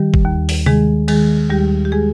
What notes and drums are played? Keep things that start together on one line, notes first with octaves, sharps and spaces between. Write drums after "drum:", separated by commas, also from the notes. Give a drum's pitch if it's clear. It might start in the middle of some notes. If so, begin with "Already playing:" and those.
Already playing: D#3 G3 G4
drum: kick G1
D#2
drum: open hi-hat
D#3 G#3 G#4, drum: tom C3
D#3 G#3 G#4, drum: cymbal
D#2 G3 G4
G4
G#3 G#4